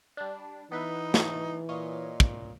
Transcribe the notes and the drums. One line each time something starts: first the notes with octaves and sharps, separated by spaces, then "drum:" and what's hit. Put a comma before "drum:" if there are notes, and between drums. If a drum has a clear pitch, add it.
G3 D4
E3 B3 D#4 B4 E5
drum: snare
A#2 C#5 D#5 F5
drum: kick